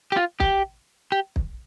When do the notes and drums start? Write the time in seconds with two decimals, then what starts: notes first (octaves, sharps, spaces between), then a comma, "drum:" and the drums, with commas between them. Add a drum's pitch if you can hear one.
0.12 G4
0.17 F4
0.40 G4, drum: kick
1.12 G4
1.36 drum: kick